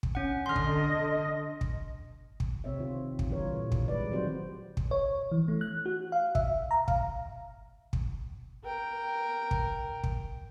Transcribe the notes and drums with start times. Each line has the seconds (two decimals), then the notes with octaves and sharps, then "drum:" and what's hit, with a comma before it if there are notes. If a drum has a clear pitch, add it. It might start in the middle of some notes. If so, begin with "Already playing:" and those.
0.03 drum: kick
0.15 C#4 F#5
0.46 D3 D#5 C6 F6
0.56 drum: kick
1.61 drum: kick
2.40 drum: kick
2.64 C3 C4 C#5 E5
2.79 D#3 F4
3.19 drum: kick
3.29 D3 E3 G3 F4 A#4 C#5
3.56 A#2
3.72 drum: kick
3.88 G3 G#3 B4 D5
4.11 D#3 F#3 C4 F#4 G4 C5
4.77 drum: kick
4.91 C#5
5.32 E3
5.48 A3
5.61 F#6
5.86 F#4
6.12 F5
6.35 E5, drum: kick
6.71 A#5
6.88 F5, drum: kick
7.93 drum: kick
8.64 A#4 G5
9.51 drum: kick
10.04 drum: kick